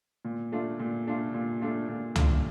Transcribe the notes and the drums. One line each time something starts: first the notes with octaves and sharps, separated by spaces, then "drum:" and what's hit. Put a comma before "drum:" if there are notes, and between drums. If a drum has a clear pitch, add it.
A#2
A3 D4 F4
A#2
A3 D4 F4
A#2
A3 D4 F4
A#2
A3 D4 F4, drum: tom